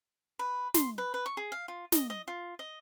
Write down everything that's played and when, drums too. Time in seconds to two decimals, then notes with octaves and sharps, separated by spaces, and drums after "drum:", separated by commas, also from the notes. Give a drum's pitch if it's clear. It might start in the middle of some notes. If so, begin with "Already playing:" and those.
0.39 B4
0.74 C6, drum: snare
0.98 B4
1.14 B4
1.26 C#6
1.37 G#4
1.52 F5
1.68 F4
1.92 D#5, drum: snare
2.10 D#5
2.28 F4
2.59 D#5